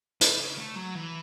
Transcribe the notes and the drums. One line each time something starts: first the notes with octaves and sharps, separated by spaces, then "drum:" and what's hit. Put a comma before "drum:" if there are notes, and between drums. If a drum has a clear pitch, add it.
E3, drum: hi-hat
C#3
A3
F#3
E3